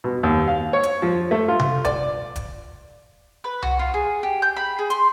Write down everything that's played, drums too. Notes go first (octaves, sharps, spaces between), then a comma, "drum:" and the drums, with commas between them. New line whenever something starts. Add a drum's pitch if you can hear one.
B2
D#2
F5
C#5
drum: hi-hat
F3
A3
F4
drum: tom C3
D5, drum: kick E1, hi-hat
drum: kick E1, hi-hat
B4
F#4, drum: tom C2
F4
G#4
G4
G6
B5
G#4
C6, drum: hi-hat